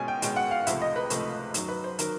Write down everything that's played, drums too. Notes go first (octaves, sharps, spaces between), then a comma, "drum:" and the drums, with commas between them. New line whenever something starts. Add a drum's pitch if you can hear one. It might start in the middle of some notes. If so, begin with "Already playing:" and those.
Already playing: B2 G#3 C#4 G#5
G5
B2 G#3 C#4 G5, drum: hi-hat
F#5
F5
C#2 C3 F3 A3 E5, drum: hi-hat
D#5
B4
C#2 C3 F3 A3, drum: hi-hat
F#2 D#3 F#3, drum: hi-hat
B4
C5
D#3 F#3 A#4, drum: hi-hat